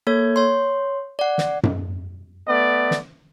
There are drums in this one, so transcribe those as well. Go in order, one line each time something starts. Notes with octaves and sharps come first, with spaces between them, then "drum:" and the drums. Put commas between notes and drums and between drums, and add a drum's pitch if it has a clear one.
A#3 A4 C#5 G#6
C#5 C6
D5 F#5
drum: snare
drum: tom F#2
A3 B3 D5
drum: snare